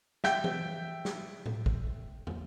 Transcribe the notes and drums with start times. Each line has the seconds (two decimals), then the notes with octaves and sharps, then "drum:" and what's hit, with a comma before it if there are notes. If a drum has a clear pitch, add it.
0.24 E5 G5 G6, drum: snare
0.44 drum: tom E3
1.05 drum: snare
1.46 drum: tom A2
1.66 drum: kick
2.27 drum: tom